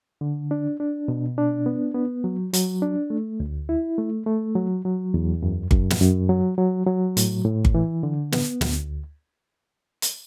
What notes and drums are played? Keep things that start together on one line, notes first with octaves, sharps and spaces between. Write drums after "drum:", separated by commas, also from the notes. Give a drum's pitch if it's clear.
D3
D4
D4
B2
D4
B3
B3
F#3
F#3, drum: hi-hat
D4
A3
D2
E4
A3
A3
F#3
F#3
E2
F#2
F#2, drum: kick G1
drum: snare
F#2
F#3
F#3
F#3
A2, drum: hi-hat
A2
drum: kick G1
E3
D3
B3, drum: snare
D2, drum: snare
drum: hi-hat